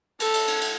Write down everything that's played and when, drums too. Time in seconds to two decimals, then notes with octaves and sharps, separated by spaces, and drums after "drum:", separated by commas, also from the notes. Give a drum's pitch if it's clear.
0.20 A4, drum: cymbal
0.34 drum: cymbal
0.47 drum: cymbal
0.61 drum: cymbal